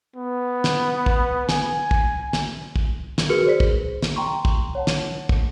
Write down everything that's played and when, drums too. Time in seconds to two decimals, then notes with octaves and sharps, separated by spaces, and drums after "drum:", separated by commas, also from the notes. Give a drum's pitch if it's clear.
0.16 B3
0.64 drum: snare
1.06 drum: kick
1.49 G#5, drum: snare
1.91 drum: kick
2.33 drum: snare
2.76 drum: kick
3.18 drum: snare
3.29 F#4 G#4 A#4 B4 F6 C#7
3.45 G#4 C5 D5 B6
3.60 drum: kick
4.02 drum: snare
4.16 G5 A#5 C6 C#6
4.45 drum: kick
4.75 C#5 F#5 A5
4.87 drum: snare
5.29 drum: kick